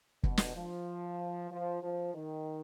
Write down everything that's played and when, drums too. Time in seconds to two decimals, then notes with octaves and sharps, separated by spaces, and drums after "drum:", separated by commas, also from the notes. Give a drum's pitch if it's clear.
0.23 B2, drum: kick
0.37 drum: snare
0.56 F3
1.51 F3
1.83 F3
2.15 D#3